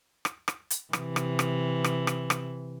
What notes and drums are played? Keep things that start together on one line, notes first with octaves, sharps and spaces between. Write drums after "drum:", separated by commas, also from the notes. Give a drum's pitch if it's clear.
drum: rim click
drum: rim click
drum: hi-hat
C3 E3, drum: rim click
drum: rim click
drum: rim click
drum: rim click
drum: rim click
drum: rim click